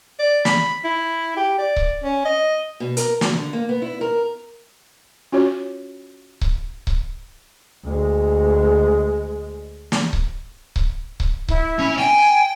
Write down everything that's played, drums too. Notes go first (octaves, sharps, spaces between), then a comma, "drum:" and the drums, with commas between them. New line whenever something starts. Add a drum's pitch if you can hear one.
D5
B5, drum: snare
E4
G4
D5
drum: kick C#1
C#4
D#5
B2
A#4, drum: hi-hat
F#3, drum: snare
D3
A#3
B3
E4
A#4
C#4 F4 F#4 C#5
drum: kick C#1
drum: kick C#1
D2 G#3
drum: snare
drum: kick C#1
drum: kick C#1
drum: kick C#1
E4, drum: kick C#1
C#4
G5 G#5